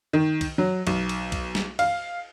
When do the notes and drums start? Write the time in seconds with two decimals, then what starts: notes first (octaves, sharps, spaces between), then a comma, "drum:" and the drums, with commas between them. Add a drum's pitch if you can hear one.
0.13 D#3
0.41 drum: kick, cymbal
0.58 F#3
0.87 B1, drum: cymbal
1.09 drum: cymbal
1.32 drum: kick, cymbal
1.55 drum: snare
1.79 F5, drum: cymbal